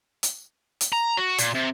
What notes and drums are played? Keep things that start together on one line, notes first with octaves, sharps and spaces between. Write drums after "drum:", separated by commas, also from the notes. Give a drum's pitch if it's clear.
drum: hi-hat
drum: hi-hat
A#5
F#4
A#2, drum: hi-hat
C3